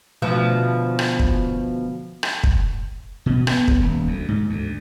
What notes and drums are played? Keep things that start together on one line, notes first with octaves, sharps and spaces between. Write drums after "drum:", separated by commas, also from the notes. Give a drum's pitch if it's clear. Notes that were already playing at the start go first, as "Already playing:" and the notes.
D2 B2 F3
drum: rim click
drum: kick
drum: rim click
drum: kick
B2
B3, drum: rim click
drum: kick
D#1
D2
G#2
D2